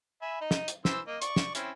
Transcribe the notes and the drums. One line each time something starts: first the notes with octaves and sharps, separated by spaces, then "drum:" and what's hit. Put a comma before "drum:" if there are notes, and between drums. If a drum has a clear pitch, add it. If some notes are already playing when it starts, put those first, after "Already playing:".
E5 G#5 B5
D#4 D#5
drum: snare
drum: hi-hat
E3 C5 E6, drum: snare
A#3 D#5
D5 C#6, drum: hi-hat
drum: snare
C4 C#4 E4, drum: hi-hat